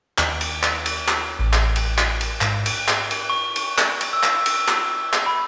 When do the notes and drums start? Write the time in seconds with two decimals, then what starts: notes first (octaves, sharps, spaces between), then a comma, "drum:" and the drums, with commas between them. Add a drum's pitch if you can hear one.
0.18 D#2, drum: clap
0.41 drum: cymbal
0.63 drum: clap
0.86 drum: cymbal
1.08 drum: clap
1.39 A1
1.53 drum: clap
1.76 drum: cymbal
1.98 drum: clap
2.21 drum: cymbal
2.41 G#2, drum: clap
2.66 drum: cymbal
2.88 drum: clap
3.11 drum: cymbal
3.30 C#6
3.56 drum: cymbal
3.78 drum: clap
4.01 drum: cymbal
4.13 E6
4.23 drum: clap
4.46 drum: cymbal
4.68 drum: clap
5.13 drum: clap
5.26 B5